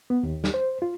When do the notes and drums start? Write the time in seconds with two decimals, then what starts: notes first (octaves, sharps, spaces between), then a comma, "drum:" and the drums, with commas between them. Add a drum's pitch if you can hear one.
0.10 B3
0.23 D#2
0.44 drum: snare
0.54 C5
0.82 F4